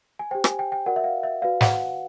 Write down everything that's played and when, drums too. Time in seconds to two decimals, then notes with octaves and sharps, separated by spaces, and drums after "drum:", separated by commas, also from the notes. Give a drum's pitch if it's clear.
0.19 G#5
0.31 G4 C5 G5
0.44 G#5, drum: rim click
0.59 G5
0.72 G5
0.86 F#4 A#4 D5 F#5
0.96 E5
1.04 F5
1.23 E5
1.42 F#4 B4 D5 F5
1.61 F#5, drum: snare